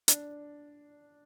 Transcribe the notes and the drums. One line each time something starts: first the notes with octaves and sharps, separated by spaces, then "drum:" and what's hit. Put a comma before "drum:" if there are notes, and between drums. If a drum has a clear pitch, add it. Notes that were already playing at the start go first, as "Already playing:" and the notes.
D4, drum: hi-hat